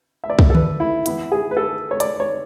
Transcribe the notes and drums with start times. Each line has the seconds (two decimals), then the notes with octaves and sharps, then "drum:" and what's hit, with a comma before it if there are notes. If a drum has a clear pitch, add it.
0.24 E5
0.30 D5
0.39 drum: kick
0.50 A4
0.55 B4, drum: tom D3
0.80 E4
1.06 E3 B3 E4, drum: hi-hat
1.32 G#4
1.51 B4
1.57 A4
1.91 C#5
2.00 D5, drum: hi-hat
2.20 C#5